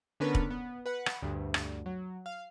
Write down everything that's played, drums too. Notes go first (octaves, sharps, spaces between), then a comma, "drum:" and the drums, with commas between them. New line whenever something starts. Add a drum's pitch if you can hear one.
D3 B3 C#4 D4 A#4 B4
drum: kick
B3
B4 F#5
drum: rim click
D2 G2
drum: rim click
F#3
F5